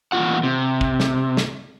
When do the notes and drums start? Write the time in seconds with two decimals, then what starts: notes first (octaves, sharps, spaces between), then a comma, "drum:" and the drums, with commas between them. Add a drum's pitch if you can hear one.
0.12 E2 A#2 C#3 F4 F#5
0.43 C3
0.81 drum: kick
1.00 drum: snare
1.37 drum: snare